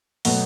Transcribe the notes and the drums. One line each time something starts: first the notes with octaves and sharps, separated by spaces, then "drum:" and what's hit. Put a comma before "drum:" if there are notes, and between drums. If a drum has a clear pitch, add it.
B2 F#3 A3 F#5, drum: open hi-hat